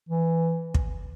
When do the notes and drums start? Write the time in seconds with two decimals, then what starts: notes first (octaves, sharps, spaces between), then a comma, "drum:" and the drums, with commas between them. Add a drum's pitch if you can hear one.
0.09 E3
0.75 drum: kick